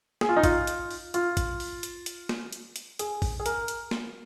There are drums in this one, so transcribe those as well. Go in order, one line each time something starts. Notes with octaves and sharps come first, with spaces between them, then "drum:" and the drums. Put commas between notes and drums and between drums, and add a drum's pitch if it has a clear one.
G#4, drum: snare
F4
D#4
F4, drum: kick, hi-hat
drum: hi-hat
drum: open hi-hat
F4, drum: hi-hat
drum: kick, hi-hat
drum: open hi-hat
drum: hi-hat
drum: hi-hat
drum: snare
drum: hi-hat
drum: hi-hat
G#4, drum: hi-hat
drum: kick, open hi-hat
G#4
A#4, drum: hi-hat
drum: hi-hat
drum: snare